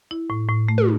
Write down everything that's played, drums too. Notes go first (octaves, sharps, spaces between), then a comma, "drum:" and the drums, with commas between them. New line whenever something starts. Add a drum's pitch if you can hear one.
E4
A2
A2
A3
drum: tom